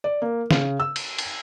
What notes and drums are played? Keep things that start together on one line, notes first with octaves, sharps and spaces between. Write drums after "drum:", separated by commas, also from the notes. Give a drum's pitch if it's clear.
D5
A#3
C#3, drum: snare
E6
drum: cymbal
drum: cymbal